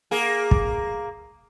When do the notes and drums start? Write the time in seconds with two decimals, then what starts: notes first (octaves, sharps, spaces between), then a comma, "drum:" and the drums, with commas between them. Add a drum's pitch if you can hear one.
0.11 A#3 G#4
0.51 drum: kick